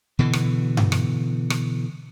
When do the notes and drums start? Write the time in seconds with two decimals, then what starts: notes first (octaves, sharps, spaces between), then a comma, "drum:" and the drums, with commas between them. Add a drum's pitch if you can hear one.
0.19 B2 D3 E3
0.33 drum: rim click
0.77 drum: tom G2
0.92 drum: rim click
1.50 drum: rim click